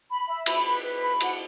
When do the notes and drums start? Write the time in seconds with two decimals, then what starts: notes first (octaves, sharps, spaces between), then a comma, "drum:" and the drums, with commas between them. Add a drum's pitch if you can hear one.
0.10 B5
0.28 E5
0.46 B5, drum: cymbal
0.65 B4
0.83 B4
1.02 B5
1.20 F#5, drum: cymbal